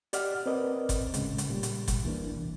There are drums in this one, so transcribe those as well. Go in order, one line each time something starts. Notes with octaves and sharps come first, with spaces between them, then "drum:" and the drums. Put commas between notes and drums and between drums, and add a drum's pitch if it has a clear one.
G4 D5 D#5 F#5 F6, drum: hi-hat
C4 A#4 B4 D5 D#5
drum: kick F#1, hi-hat
A2 C#3 G#3, drum: hi-hat
drum: hi-hat
A#2 G3
drum: hi-hat
drum: kick F#1, hi-hat
E3 A#3 D4
C2